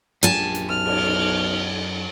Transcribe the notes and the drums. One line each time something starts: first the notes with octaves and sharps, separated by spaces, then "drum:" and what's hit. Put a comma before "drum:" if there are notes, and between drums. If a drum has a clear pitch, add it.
A#1 F#2 G4 G#5 A5
drum: hi-hat
B1 F6
drum: cymbal